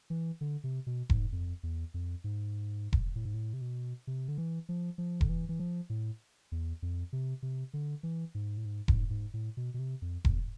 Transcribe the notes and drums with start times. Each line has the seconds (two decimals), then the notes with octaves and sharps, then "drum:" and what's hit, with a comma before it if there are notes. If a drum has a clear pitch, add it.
0.10 E3
0.41 D3
0.64 C3
0.87 B2
1.10 G#2, drum: kick E1
1.32 F2
1.63 E2
1.94 F2
2.24 G#2
2.93 drum: kick E1
3.16 A2
3.25 G#2
3.34 A2
3.53 C3
3.61 B2
4.07 C3
4.28 D3
4.38 E3
4.69 F3
4.98 F3
5.21 D3, drum: kick E1
5.29 E3
5.49 E3
5.60 F3
5.90 A2
6.52 E2
6.82 F2
7.13 C3
7.42 C3
7.73 D3
8.03 E3
8.35 G#2
8.57 A2
8.65 G#2
8.88 G#2, drum: kick E1
9.10 G#2
9.34 A2
9.57 B2
9.74 B2
9.79 C3
10.02 F2
10.25 E2, drum: kick E1